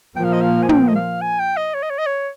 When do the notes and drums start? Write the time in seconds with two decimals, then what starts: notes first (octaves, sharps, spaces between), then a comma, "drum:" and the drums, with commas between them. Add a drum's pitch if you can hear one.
0.16 A#2 F3 A#3 G5
0.25 F5
0.33 D#5
0.41 F5
0.63 G#5
0.69 G5, drum: tom
0.88 D#5
0.96 F5
1.22 G#5
1.39 G5
1.57 D#5
1.74 C#5
1.83 D#5
1.90 C#5
1.99 D#5
2.06 C#5